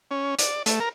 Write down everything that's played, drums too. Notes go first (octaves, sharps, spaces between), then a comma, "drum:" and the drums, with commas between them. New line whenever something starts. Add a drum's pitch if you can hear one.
C#4
D5, drum: hi-hat
A3, drum: hi-hat
A#4